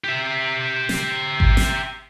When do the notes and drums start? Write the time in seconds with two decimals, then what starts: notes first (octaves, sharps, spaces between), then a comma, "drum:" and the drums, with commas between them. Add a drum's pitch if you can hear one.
0.04 G4 E5
0.89 drum: snare
1.40 drum: kick G#1
1.57 drum: snare